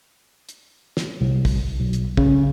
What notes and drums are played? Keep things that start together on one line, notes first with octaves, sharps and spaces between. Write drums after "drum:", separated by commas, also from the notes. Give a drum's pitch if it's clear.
drum: hi-hat
drum: snare
C2
drum: kick, open hi-hat
B1
drum: hi-hat
C#3, drum: kick